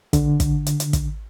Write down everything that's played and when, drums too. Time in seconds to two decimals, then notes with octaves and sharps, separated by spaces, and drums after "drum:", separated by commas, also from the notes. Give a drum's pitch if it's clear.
0.13 D3, drum: kick, hi-hat
0.40 drum: kick, hi-hat
0.66 drum: hi-hat
0.80 drum: hi-hat
0.93 drum: kick, hi-hat